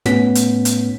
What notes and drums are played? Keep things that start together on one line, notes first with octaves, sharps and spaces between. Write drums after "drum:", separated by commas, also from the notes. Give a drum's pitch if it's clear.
A2 B3 C#4 B6, drum: snare
drum: hi-hat
drum: hi-hat